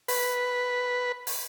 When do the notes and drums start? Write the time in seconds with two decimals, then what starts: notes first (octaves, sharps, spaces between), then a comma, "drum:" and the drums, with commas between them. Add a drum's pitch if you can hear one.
0.08 B4, drum: open hi-hat
1.27 drum: open hi-hat